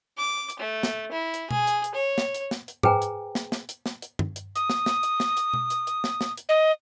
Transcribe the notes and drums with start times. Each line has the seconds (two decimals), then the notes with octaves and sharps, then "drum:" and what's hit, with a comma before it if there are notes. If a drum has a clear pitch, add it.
0.17 D6
0.50 drum: hi-hat
0.59 A3
0.83 drum: snare
1.12 E4
1.34 drum: hi-hat
1.51 G#4, drum: tom B2
1.67 drum: hi-hat
1.84 drum: hi-hat
1.94 C#5
2.18 drum: snare
2.35 drum: hi-hat
2.51 drum: snare
2.68 drum: hi-hat
2.83 G#4 B4 C5 G5 G#5 A#5, drum: tom G#2
3.02 drum: hi-hat
3.35 drum: snare
3.52 drum: snare
3.69 drum: hi-hat
3.86 drum: snare
4.02 drum: hi-hat
4.19 drum: tom G2
4.36 drum: hi-hat
4.56 D#6, drum: hi-hat
4.70 drum: snare
4.86 drum: snare
5.03 drum: hi-hat
5.20 drum: snare
5.37 drum: hi-hat
5.54 drum: tom B2
5.70 drum: hi-hat
5.87 drum: hi-hat
6.04 drum: snare
6.21 drum: snare
6.37 drum: hi-hat
6.49 D#5